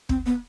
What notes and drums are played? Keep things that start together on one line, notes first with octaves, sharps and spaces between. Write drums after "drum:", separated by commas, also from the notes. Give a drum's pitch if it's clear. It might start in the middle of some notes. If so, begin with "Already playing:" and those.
C4, drum: kick
B3